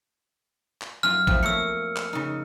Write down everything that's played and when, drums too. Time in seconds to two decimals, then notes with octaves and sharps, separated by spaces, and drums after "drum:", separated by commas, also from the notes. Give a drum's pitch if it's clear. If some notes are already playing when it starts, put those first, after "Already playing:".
0.81 drum: clap
1.03 F#2 F4 F6
1.27 F2 F3 A3, drum: kick
1.43 A3 A#3 C#5 E6 C#7
1.96 drum: clap
2.13 C#3 D#4